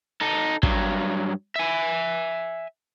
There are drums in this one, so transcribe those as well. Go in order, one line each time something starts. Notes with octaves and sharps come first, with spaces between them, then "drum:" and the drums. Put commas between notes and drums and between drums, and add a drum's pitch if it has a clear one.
D#4 A4
G2 F#3, drum: kick
E5 G#5